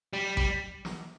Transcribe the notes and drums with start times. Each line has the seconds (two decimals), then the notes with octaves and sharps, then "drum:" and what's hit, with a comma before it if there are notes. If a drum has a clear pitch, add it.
0.13 G3
0.37 G3, drum: kick A1
0.85 drum: snare